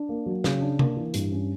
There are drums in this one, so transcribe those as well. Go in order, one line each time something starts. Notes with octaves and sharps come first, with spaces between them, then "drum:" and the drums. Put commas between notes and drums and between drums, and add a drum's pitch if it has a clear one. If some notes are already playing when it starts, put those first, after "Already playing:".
Already playing: D4
A#3
F#3
C#3, drum: snare
D4
A#3, drum: tom C3
E3
G2, drum: hi-hat
C#4